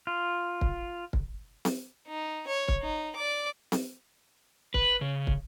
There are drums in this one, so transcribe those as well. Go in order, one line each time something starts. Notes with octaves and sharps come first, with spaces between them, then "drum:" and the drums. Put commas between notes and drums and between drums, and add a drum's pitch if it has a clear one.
F4
drum: kick
drum: kick
drum: snare C4
D#4
C#5
drum: kick
D#4
D5 D6
drum: snare C4
B4, drum: kick
C#3
drum: kick